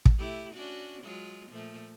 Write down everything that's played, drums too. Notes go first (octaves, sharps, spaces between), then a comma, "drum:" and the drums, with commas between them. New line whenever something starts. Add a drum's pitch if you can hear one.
drum: kick
A3 E4 G4
C#4 D4 F#4
F#3 G#3 F4
A#2 F3 A3